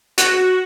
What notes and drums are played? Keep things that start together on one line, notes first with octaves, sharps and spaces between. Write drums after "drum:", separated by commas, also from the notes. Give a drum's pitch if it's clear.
F#4, drum: hi-hat